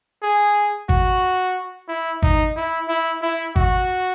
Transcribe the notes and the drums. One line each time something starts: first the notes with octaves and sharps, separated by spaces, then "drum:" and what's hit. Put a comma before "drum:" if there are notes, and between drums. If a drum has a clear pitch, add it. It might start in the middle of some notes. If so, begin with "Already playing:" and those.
G#4
F#4, drum: kick G#1
E4
D#4, drum: kick G#1
E4
E4
E4
F#4, drum: kick G#1